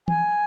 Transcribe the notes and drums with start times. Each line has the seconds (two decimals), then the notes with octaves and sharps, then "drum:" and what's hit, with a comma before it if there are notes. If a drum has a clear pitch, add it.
0.08 G#5, drum: tom E3